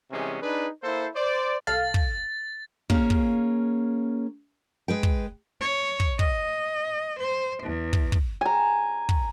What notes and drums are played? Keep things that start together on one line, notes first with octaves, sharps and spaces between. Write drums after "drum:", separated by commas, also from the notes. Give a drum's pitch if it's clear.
C3 E3 G3 G#3 B3 C#4
D4 D#4 G#4 B4
A#3 E4 A4 C5
C5 D5
C2 A4 F5 A6
drum: kick
A#3 C#4 F4 G#4, drum: kick
drum: kick
G#3 B4 G5
drum: kick
C#5
drum: kick
D#5, drum: kick
C5
E2
drum: kick
drum: kick
G#5 A#5
drum: kick